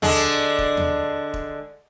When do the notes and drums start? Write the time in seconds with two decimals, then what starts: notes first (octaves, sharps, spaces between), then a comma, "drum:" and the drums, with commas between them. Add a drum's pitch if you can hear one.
0.02 D3 G#3 D4, drum: tom D#2
0.58 drum: kick E1
0.77 drum: tom D#2
1.34 drum: kick E1